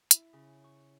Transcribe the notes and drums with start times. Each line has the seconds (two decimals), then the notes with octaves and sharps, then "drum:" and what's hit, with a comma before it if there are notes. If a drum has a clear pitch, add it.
0.11 E4, drum: hi-hat
0.33 C#3
0.64 C#6